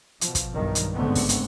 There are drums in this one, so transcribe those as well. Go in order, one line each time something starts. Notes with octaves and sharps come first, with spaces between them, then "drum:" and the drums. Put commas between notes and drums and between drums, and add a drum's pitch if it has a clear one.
B2 F3, drum: hi-hat
drum: kick, hi-hat
B1 G2 D#3
drum: hi-hat
C#2 G#2 D3 A3 B3 C4
drum: kick, open hi-hat
drum: hi-hat